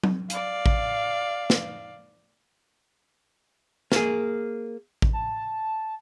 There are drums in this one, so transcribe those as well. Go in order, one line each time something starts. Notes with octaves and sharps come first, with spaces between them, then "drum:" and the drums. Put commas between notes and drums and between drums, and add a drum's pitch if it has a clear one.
drum: tom F#3
D5 F5, drum: hi-hat
drum: kick A1
drum: snare
A#3 G#4, drum: snare
drum: kick A1
A5